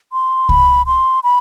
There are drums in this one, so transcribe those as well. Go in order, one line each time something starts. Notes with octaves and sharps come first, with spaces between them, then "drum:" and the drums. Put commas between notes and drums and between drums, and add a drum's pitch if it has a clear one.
C6
B5, drum: kick C2
C6
B5